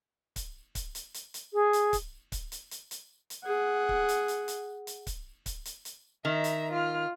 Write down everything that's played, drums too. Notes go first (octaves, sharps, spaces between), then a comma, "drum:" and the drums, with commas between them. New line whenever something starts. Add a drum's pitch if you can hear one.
drum: kick C#1, hi-hat
drum: kick C#1, hi-hat
drum: hi-hat
drum: hi-hat
drum: hi-hat
G#4
drum: hi-hat
drum: kick C#1, hi-hat
drum: kick C#1, hi-hat
drum: hi-hat
drum: hi-hat
drum: hi-hat
drum: hi-hat
G#4 F#5
drum: kick C#1
drum: hi-hat
drum: hi-hat
drum: hi-hat
drum: hi-hat
drum: kick C#1, hi-hat
drum: kick C#1, hi-hat
drum: hi-hat
drum: hi-hat
D#3 E5 A#5
drum: hi-hat
F4 F6